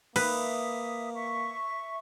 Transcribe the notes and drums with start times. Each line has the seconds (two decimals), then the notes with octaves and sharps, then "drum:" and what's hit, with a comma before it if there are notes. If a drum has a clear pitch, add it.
0.16 A#3 B4 E5 D#6, drum: cymbal
1.14 E5 C#6